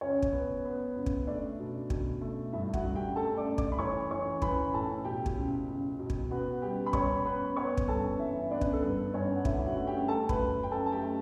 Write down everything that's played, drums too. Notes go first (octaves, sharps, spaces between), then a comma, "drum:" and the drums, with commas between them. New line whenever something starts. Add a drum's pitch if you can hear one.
C#2 C#4 C#5
drum: kick
B3
B3
C#2
drum: kick
A3 D4 D5
B2
B2, drum: kick
A3
G2 E4 E5
F#4 F#5, drum: kick
G2
G4 G5
A3 A4 A5
D5 D6
A3
D5 D6, drum: kick
B5
E3 C#5 C#6
E3 C#5 C#6
E3 B4 B5, drum: kick
A2 A4 A5
B2 G4 G5
drum: kick
C#2
C#2
B2
drum: kick
B3 F#4 F#5
G3 G4 G5
B5
G3 C#5 C#6, drum: kick
B3 B4 B5
B3 C#5 C#6
drum: kick
G2 A4 A5
E3 E4 E5
B3 D4 D5
drum: kick
A4
G2 B4
G2 C#4 C#5
F#5
D3 E4 E5, drum: kick
F#4 F#5
A3
G4 G5
A3 A4 A5
B4 B5, drum: kick
F#2
G5
A3 A4 A5
A5
G4 G5
A3